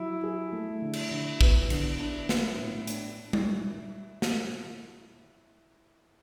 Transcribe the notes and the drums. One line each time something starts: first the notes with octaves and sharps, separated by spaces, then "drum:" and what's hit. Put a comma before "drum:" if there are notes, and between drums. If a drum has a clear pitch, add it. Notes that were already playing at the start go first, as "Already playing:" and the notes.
Already playing: F#3 E4
G#4
A3
D3
drum: cymbal
D3
B3, drum: kick
D3, drum: cymbal
D4
B3, drum: snare
A2
D4, drum: hi-hat
drum: tom G3
drum: snare